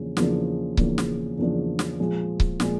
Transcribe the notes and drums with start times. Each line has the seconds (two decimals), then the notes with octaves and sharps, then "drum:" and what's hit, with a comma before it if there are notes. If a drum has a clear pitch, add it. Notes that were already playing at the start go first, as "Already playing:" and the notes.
Already playing: E2 C#3 F3 A#3 D4
0.17 E2 C#3 F3 A#3 D4, drum: snare
0.77 E2 C#3 F3 A#3 D4, drum: kick C#1
0.98 drum: snare
1.38 E2 C#3 F3 A#3 D4
1.79 drum: snare
1.99 A#2 F3 G#3
2.40 drum: kick C#1
2.60 A#2 F3 G#3, drum: snare